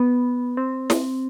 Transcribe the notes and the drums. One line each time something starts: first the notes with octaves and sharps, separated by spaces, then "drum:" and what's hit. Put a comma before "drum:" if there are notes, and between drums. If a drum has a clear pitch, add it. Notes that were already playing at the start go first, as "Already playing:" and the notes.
Already playing: B3
C4
drum: snare